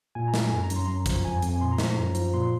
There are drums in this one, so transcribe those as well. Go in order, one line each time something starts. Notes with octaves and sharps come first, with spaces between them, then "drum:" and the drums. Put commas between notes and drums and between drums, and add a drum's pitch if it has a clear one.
A#2 G#5
A#5
F#3, drum: snare
G#5
F#2 A#5
A#5
F#2, drum: hi-hat
C6
F#2 A#5
F3, drum: kick, hi-hat
F2 G#5
F2, drum: hi-hat
G#5
A#2 C6
A#5
F3, drum: snare
A#5
F#2
F3, drum: hi-hat
A#2 C6